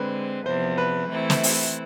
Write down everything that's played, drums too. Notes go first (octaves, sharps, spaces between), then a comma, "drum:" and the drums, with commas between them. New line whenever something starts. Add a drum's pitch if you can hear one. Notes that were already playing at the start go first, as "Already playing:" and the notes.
Already playing: D3 G#3 C4 B4
E2 C3 F3 C5
B4
C3 E3 A3 E4
drum: snare
drum: open hi-hat